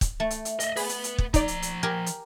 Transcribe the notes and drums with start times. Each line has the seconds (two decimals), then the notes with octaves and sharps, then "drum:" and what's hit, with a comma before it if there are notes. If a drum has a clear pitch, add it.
0.01 drum: kick, hi-hat
0.20 A3
0.30 drum: hi-hat
0.45 drum: hi-hat
0.60 D#5 E5, drum: hi-hat
0.76 G#4 B4 F#5 B5, drum: open hi-hat
0.89 drum: hi-hat
1.04 drum: hi-hat
1.18 drum: kick
1.34 F3 D#4 D5 A#5, drum: kick, hi-hat
1.48 drum: hi-hat
1.62 drum: hi-hat
1.83 G4 A#4 G#5
2.06 drum: hi-hat